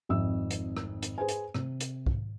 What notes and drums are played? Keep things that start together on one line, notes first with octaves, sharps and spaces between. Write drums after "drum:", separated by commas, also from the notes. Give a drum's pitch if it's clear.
G#1 F2 E5 E6
drum: hi-hat
drum: rim click
drum: hi-hat
G#4 B4 C5 G#5
drum: hi-hat
C3, drum: rim click
drum: hi-hat
drum: kick